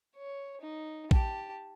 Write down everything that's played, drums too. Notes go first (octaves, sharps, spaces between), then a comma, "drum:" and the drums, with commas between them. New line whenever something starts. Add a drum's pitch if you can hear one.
C#5
D#4
G4 A5, drum: kick